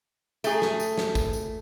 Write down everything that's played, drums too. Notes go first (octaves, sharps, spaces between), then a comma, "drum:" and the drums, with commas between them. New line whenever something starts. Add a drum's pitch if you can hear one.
A3 G#4, drum: tambourine
drum: snare
drum: tambourine
drum: snare
drum: kick G#1, tambourine
drum: tambourine